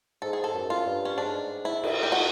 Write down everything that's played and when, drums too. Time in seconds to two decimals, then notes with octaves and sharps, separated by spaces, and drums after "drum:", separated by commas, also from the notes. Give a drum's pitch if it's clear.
0.22 G#2 A4
0.33 G#4
0.44 A4
0.54 F#2
0.70 F4
0.86 G2
1.05 C#4
1.18 G#2 D4
1.65 E4
1.84 drum: cymbal
2.03 G4
2.12 F#4